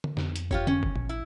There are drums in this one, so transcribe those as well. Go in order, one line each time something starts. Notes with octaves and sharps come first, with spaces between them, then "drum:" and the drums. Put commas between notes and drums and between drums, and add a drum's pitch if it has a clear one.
drum: tom D3
F2, drum: snare
drum: hi-hat
F4 G4 C#5, drum: kick
C#4, drum: tom D3
drum: kick
A1, drum: tom A#2
E4